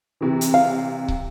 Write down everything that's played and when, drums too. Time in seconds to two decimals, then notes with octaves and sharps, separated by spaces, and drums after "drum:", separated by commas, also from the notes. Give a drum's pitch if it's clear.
0.21 C3 E3
0.41 drum: hi-hat
0.54 F5
1.08 drum: kick